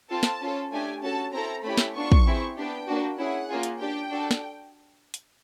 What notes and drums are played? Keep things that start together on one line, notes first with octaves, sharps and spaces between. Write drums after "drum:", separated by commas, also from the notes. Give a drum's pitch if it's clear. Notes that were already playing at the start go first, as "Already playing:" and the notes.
C4 F4 A4 A5
drum: snare
C#4 F4 A4
A3 D4 G4 G#5
C#4 F#4 A4 A5
C4 E4 A4 A#5
A3 C#4 E4 G4 B5
drum: snare
B3 D4 F4 C#6
drum: kick
C4 E4 G#4
B3 D4 G4 G5
A#3 D4 F#4
C#4 E4 G#4 F#5
A#3 C#4 F4 G#4
drum: hi-hat
D4 G4 G5
D4 F#4 A4
drum: snare
drum: hi-hat